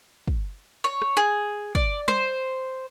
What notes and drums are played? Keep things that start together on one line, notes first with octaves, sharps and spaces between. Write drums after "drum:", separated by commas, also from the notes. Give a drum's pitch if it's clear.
drum: kick
C#5
drum: rim click
G#4
D5, drum: kick
C5, drum: tom G3